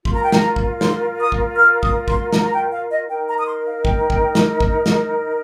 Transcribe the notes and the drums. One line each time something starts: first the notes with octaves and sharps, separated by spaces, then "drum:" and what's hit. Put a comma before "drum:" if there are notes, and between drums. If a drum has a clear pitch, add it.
F4 A#4 C6, drum: kick
A#5
G5
A#5, drum: snare
drum: kick
C6, drum: snare
D#6
drum: kick
F6
D#6, drum: kick
C6, drum: kick
A#5, drum: snare
A#5
G5
F5
D#5
D#4 A#4 G5
A#5
D#6
C6
F5
G5, drum: kick
drum: kick
drum: snare
drum: kick
drum: snare